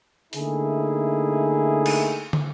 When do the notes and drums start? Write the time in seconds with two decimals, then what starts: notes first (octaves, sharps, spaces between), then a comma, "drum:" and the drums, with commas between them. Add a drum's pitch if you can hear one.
0.33 D3 A3 A#3 D#4 E4 G#4, drum: open hi-hat
1.86 drum: cymbal
2.33 drum: tom